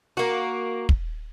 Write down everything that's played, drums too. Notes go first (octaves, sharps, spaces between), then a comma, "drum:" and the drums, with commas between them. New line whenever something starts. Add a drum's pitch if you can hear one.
A#3 F#4
drum: kick